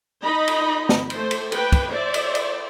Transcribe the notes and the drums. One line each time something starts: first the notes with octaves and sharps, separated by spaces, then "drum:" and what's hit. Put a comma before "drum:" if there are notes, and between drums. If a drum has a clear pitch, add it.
D#4 D#5 B5
drum: cymbal
drum: snare
A3 C5, drum: cymbal
drum: cymbal
B4 G5, drum: cymbal
drum: kick, cymbal
C5 D5 E5
drum: cymbal
drum: cymbal